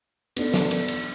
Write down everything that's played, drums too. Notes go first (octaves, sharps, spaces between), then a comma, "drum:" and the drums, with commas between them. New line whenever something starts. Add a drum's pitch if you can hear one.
B3 D4 A4, drum: cymbal
drum: snare
drum: cymbal
drum: cymbal